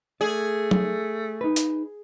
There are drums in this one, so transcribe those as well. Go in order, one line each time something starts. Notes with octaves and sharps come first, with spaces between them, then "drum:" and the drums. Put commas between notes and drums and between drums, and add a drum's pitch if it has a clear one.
A3 G#4 D5
drum: tom F#3
D#4 B4
drum: hi-hat